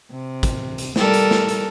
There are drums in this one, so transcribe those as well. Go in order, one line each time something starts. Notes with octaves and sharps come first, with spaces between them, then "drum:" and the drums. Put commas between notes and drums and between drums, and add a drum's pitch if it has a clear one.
C3
drum: kick, hi-hat
drum: hi-hat
G3 A4 A#4, drum: snare
drum: hi-hat
drum: snare
drum: hi-hat